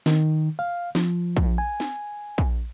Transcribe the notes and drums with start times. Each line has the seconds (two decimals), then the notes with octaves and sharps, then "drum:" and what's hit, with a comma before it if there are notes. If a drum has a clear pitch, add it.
0.06 D#3, drum: snare
0.59 F5
0.95 F3, drum: snare
1.37 drum: kick
1.58 G#5
1.80 drum: snare
2.38 drum: kick